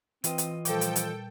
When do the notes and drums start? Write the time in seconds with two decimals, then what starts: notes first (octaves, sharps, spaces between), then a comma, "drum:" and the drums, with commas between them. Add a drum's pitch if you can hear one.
0.24 E3 C4 F4 B4 D#5 G5, drum: hi-hat
0.38 drum: hi-hat
0.65 A#2 F3 G3 A4 G5, drum: hi-hat
0.81 drum: hi-hat
0.96 drum: hi-hat